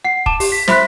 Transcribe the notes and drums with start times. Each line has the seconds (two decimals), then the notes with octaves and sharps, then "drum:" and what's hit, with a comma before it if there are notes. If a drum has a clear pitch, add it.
0.05 F#5 C7
0.26 A5 D6 E7, drum: kick
0.40 G4, drum: open hi-hat
0.52 B6
0.68 C5 E5 B5 C6 F#6 B6, drum: snare